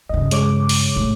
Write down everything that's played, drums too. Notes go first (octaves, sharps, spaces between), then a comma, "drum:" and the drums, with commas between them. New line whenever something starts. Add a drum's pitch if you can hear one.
G2 C#3 D#5
G#3 C#5 D6, drum: hi-hat
drum: open hi-hat
A2